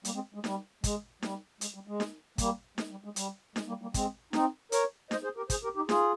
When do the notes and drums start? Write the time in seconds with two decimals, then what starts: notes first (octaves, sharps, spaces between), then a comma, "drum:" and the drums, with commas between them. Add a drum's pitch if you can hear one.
0.05 G3 A#3, drum: hi-hat
0.14 G#3 C4
0.34 G#3
0.44 G3, drum: snare D#4
0.84 G#3, drum: kick, hi-hat
1.22 G3, drum: snare D#4
1.61 G#3, drum: hi-hat
1.74 G3
1.87 G#3
2.00 drum: snare D#4
2.38 G3 A#3, drum: kick, hi-hat
2.78 G#3, drum: snare D#4
2.91 G3
3.04 G#3
3.16 G3, drum: hi-hat
3.56 G#3, drum: snare D#4
3.68 G3 A#3
3.81 G3 A#3
3.94 G#3 C4, drum: kick, hi-hat
4.33 C4 D#4, drum: snare D#4
4.72 A#4 C#5, drum: hi-hat
5.11 C5 D#5, drum: snare D#4
5.24 G#4 C5
5.37 G4 A#4
5.50 G#4 C5, drum: kick, hi-hat
5.63 G4 A#4
5.76 D#4 G4
5.89 F4 G#4, drum: snare D#4